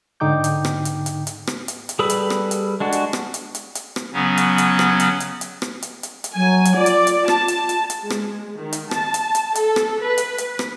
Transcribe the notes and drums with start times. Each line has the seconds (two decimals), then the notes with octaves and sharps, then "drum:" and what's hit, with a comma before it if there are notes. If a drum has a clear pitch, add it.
0.20 G#2 D3 D#4 G5 D6 G6
0.44 drum: hi-hat
0.65 drum: rim click
0.85 drum: hi-hat
1.06 drum: hi-hat
1.27 drum: hi-hat
1.47 drum: rim click
1.68 drum: hi-hat
1.89 drum: hi-hat
1.99 G3 G#4 A4 B4 B5
2.10 drum: hi-hat
2.30 drum: rim click
2.51 drum: hi-hat
2.80 G#3 D4 F#4
2.92 drum: hi-hat
3.13 drum: rim click
3.34 drum: hi-hat
3.55 drum: hi-hat
3.75 drum: hi-hat
3.96 drum: rim click
4.13 C#3 F#3 B3 C#4
4.37 drum: hi-hat
4.58 drum: hi-hat
4.79 drum: rim click
5.00 drum: hi-hat
5.20 drum: hi-hat
5.41 drum: hi-hat
5.62 drum: rim click
5.82 drum: hi-hat
6.03 drum: hi-hat
6.24 drum: hi-hat
6.36 F#3 G#5
6.65 drum: hi-hat
6.76 F4 D5
6.86 drum: hi-hat
7.07 drum: hi-hat
7.28 A5, drum: rim click
7.48 drum: hi-hat
7.69 drum: hi-hat
7.90 drum: hi-hat
8.01 G#3
8.10 drum: rim click
8.57 D#3
8.73 drum: hi-hat
8.91 A5, drum: rim click
9.14 drum: hi-hat
9.35 drum: hi-hat
9.55 A4, drum: hi-hat
9.76 drum: rim click
10.01 B4
10.18 drum: hi-hat
10.38 drum: hi-hat
10.59 drum: rim click